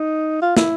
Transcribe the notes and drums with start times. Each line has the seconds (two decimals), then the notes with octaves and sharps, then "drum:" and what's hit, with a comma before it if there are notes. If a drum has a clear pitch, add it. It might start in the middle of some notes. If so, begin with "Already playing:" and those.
Already playing: D#4
0.42 F4
0.57 E4, drum: snare